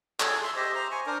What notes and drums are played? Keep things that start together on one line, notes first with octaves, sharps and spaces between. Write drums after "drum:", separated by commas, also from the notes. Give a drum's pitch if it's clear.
G#4 A4 C#5, drum: clap
E5 C6
G4 C5 D#5 E5
C5 A#5
G#5 C#6
D4 A#4 C5